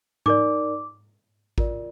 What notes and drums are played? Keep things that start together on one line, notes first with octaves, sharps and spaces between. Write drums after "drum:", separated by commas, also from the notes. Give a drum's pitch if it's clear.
D#4 A#4 D5 D6, drum: tom G#2
F4 A#4 D5, drum: kick A1